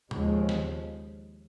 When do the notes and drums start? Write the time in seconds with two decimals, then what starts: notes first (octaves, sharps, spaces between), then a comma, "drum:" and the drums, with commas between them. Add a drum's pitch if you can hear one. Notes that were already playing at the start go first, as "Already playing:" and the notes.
0.11 D#2 C#3 F3 G#3, drum: tom
0.49 drum: snare